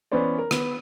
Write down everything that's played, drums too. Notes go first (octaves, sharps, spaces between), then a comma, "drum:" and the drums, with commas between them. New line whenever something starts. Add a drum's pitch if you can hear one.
E3 B3 C#4 B4 C5 D5
A#4
B3, drum: rim click